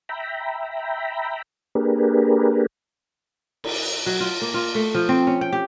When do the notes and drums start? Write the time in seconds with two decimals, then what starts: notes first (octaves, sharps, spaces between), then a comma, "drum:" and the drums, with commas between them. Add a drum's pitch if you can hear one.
0.09 E5 G5 A#5 B5
1.75 A#3 D4 G4 G#4 A#4 B4
3.64 drum: cymbal
4.06 F#3
4.20 F4
4.42 A#3
4.54 F4
4.75 A3
4.95 F3
5.09 C4
5.27 C#4
5.41 G5
5.53 G4